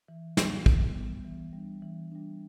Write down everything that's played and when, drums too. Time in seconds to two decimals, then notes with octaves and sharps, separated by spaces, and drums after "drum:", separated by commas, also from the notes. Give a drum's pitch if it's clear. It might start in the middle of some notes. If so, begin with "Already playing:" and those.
0.08 E3
0.37 G3 B3, drum: snare
0.66 E3, drum: kick
0.95 G3 B3
1.25 E3
1.53 G3 D4
1.82 E3
2.12 G3 D4